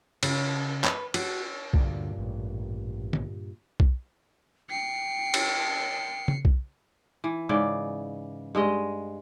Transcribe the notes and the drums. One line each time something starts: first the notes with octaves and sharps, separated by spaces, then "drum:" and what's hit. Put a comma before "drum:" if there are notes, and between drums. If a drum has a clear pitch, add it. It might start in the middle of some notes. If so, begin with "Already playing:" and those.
C#3, drum: cymbal
B4, drum: clap
F#4, drum: cymbal
D2 G2 A#2 D3 D4, drum: kick B1
A1
drum: tom D3
drum: kick B1
G5 C7 C#7
drum: cymbal
drum: tom C#3
drum: kick B1
E3
G#2 C#3 D5
G2 G#3 D#5